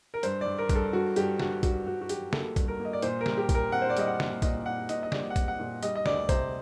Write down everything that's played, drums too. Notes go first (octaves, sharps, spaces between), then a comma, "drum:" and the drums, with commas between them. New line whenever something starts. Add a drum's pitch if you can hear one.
A#4
G2 C5, drum: hi-hat
G2 D5
A#4
G2, drum: kick, hi-hat
A4
G2 F#4
G2 G4, drum: hi-hat
G2 F#4, drum: snare
G2 F#4, drum: kick, hi-hat
G2 F#4
F#4
F#3 G4, drum: hi-hat
A#3 A4, drum: snare
G2, drum: kick, hi-hat
A#4
A#3
D#5
D5
A#2 C5, drum: hi-hat
A#4
G3, drum: snare
G4
A#2, drum: kick, hi-hat
A#4
C4 F#5
C5
D5
G3 D#5, drum: hi-hat
F#5
A#2, drum: snare
A#2 D#5, drum: kick, hi-hat
C4 F#5
A#2 D#5, drum: hi-hat
D#5
G3 D5, drum: snare
F#5
C4, drum: kick, hi-hat
F#5
A#2
G3 D#5, drum: hi-hat
D#5
D2 D5, drum: snare
C3 C5, drum: kick, hi-hat